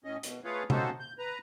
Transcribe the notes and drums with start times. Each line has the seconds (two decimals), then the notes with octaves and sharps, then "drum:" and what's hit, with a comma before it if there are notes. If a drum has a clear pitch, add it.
0.04 A2 C#4 D#5
0.23 B2, drum: hi-hat
0.44 A3 F4 G#4 B4 C#5 F5
0.70 A#3 C#4 D#4 F#4 A4 C5, drum: tom C3
0.99 G6
1.18 B4 A#5